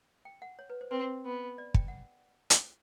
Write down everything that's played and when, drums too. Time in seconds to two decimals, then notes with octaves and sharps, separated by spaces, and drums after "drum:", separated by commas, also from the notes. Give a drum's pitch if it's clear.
0.25 G5
0.42 F#5
0.59 C#5
0.70 B4
0.81 C5
0.91 C4 B4
1.25 B3
1.58 D5
1.74 G5, drum: kick
1.88 F#5
2.50 drum: hi-hat